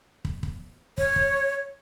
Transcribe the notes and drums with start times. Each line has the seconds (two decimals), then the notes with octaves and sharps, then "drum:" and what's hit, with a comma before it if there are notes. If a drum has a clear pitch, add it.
0.25 drum: kick
0.43 drum: kick
0.98 C#5, drum: kick
1.16 drum: kick